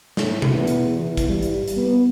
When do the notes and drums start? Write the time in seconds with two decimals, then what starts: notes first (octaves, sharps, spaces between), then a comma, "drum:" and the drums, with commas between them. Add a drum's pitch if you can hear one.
0.17 A2, drum: snare
0.42 drum: tom B2
0.54 E2
0.67 drum: hi-hat
0.99 E3
1.17 drum: kick, hi-hat
1.29 G3
1.43 drum: hi-hat
1.68 drum: hi-hat
1.77 B3